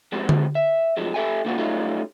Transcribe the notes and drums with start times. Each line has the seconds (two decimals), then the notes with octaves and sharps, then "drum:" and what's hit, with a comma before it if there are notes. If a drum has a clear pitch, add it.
0.12 F3 G#3 C4 F#4 G4 C5
0.29 drum: tom D3
0.55 E5
0.97 F2 C3 F3 F#3 G#3
1.14 G4 A4 E5 G5 G#5
1.45 A#2 D3 G3 A#3 F4 F#4
1.58 F#3 G3 A3 C#4 D#4 F4